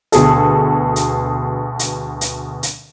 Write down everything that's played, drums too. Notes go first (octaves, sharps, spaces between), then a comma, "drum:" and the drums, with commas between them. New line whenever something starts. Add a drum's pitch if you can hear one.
D2 B2 G#4 A4, drum: hi-hat
drum: hi-hat
drum: hi-hat
drum: hi-hat
drum: hi-hat